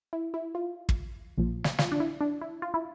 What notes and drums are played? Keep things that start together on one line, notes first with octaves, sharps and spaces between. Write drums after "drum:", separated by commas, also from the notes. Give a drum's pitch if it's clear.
E4
E4
F4
drum: kick
A#1 A#2 F3
drum: snare
F4, drum: snare
D4
E4
D4
E4
F4
E4